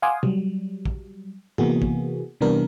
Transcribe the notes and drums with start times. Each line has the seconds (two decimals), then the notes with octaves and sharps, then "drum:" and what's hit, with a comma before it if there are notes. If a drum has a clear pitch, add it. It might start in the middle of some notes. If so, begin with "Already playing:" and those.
0.02 F5 F#5 G#5 C6 D6 D#6
0.23 F#3 G3, drum: tom
0.85 drum: kick
1.58 C3 E3 A#3 B3 F#4 G#4, drum: tom
1.82 drum: kick
2.41 C3 E3 G3 B3 D4 A#4